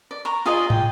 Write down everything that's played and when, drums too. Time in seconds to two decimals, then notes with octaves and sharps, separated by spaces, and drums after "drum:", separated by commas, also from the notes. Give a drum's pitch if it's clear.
0.11 D5
0.25 A#5 C#6
0.45 F4 G#4 D5 D#5
0.70 G5, drum: tom